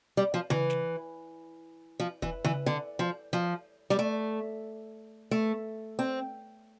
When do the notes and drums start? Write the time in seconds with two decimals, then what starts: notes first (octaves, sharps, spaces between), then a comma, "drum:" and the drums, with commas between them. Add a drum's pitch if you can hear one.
0.17 G3
0.34 F3
0.50 E3, drum: tom C#3
0.70 drum: snare
2.00 F3
2.22 E3, drum: kick
2.44 E3, drum: tom C#3
2.66 D3
2.99 F3
3.33 F3
3.90 G3, drum: snare
3.99 A3
5.31 A3
5.99 C4